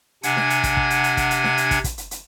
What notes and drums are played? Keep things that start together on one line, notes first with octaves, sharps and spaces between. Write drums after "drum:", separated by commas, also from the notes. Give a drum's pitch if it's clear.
C3 D4 F#5 G#5 G#6, drum: hi-hat
drum: snare D4
drum: hi-hat
drum: kick, hi-hat
drum: kick
drum: hi-hat
drum: hi-hat
drum: kick, hi-hat
drum: hi-hat
drum: snare D4
drum: hi-hat
drum: kick, hi-hat
drum: kick, hi-hat
drum: hi-hat
drum: hi-hat